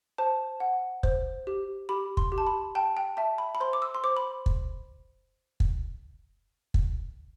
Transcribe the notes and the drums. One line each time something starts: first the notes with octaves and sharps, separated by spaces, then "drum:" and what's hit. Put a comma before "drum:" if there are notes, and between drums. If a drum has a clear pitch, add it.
C5 A5
F#5
C5, drum: kick
G4
G4 B5
C6, drum: kick
G4
A5
B5
G5 A5
G5
E5 A5
B5
B5
C5 C6
D6
E6
C6
C5 D6
B5
drum: kick
drum: kick
drum: kick